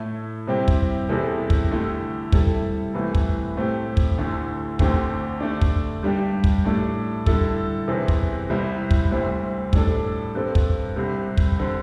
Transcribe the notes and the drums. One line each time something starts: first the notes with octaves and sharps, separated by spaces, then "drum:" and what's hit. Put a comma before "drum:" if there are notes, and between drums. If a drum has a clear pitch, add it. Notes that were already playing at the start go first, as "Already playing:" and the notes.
Already playing: A2 A3 E4
C3 G3 C4 E4 G4
drum: kick
E2 C3 G3 E4 A4
drum: kick
D3 A3 E4 G4
C3 G3 E4 A4, drum: kick
C2 C3 E3 A3
drum: kick
A2 A3 C4 G4
drum: kick
D2 D3 A3 E4
D2 D3 A3 C4 G4, drum: kick
D3 A3 D4
drum: kick
G2 G3 D4 G4
drum: kick
A2 A3 D4 A4
D3 G3 E4 A4, drum: kick
E2 C3 E3 C4
drum: kick
C2 C3 G3 E4
drum: kick
D2 C3 G3 C4
A2 G3 D4 A4, drum: kick
G2 G3 C4 A4
drum: kick
C2 C3 G3
drum: kick
D3 C4